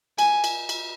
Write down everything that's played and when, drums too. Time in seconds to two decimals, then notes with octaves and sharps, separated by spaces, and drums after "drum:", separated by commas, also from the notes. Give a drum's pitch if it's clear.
0.19 G#5, drum: cymbal
0.44 drum: cymbal
0.69 drum: cymbal